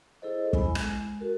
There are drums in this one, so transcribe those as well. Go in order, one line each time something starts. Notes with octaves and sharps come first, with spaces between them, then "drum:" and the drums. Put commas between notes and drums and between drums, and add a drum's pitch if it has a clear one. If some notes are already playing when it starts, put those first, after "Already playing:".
E4 G#4 A4 C5 D#5
E4 G#5 B5, drum: kick
G#3, drum: rim click
F#4 A4 A#4